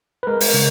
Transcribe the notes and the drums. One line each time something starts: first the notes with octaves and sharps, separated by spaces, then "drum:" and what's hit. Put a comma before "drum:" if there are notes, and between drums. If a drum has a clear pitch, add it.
B4
G#3 A#4
drum: open hi-hat
C#3